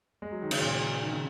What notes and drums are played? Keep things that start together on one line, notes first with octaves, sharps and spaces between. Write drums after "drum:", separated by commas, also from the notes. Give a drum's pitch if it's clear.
G#3
F#3
D#3
C#3, drum: cymbal
A#2
D#3
C#3